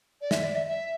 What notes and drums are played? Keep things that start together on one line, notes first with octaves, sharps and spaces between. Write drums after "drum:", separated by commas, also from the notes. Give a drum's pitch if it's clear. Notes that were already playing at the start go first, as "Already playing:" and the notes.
D5
E5, drum: snare
D5
E5
E5